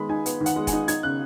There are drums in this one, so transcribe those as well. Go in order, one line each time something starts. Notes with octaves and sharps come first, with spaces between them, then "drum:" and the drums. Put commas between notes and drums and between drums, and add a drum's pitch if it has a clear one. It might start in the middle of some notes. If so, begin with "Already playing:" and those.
Already playing: D#3 G#3 B3 B5
D#4 G#5
B3, drum: hi-hat
D#3
F#5, drum: hi-hat
G#3
G#5, drum: kick F1, hi-hat
D#4
D#4 G#6, drum: hi-hat
C#3 F#6